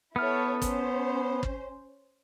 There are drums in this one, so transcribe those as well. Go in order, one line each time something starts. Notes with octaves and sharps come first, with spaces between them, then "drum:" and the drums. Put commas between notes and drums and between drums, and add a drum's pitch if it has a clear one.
B3 E4 A4 C#5 F6
C#4 C5, drum: kick, hi-hat
drum: kick